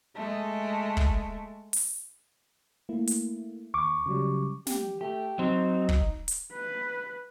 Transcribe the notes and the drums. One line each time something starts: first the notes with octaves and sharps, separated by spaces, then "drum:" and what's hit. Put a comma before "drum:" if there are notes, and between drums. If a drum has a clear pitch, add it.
G#3 A3
drum: kick
drum: open hi-hat
A3 A#3 E4
drum: hi-hat
D#2 C#6 D6
C#3 F#3 G3
G4, drum: snare
A3 G4
F#3 C4 D#4
drum: kick
drum: hi-hat
B4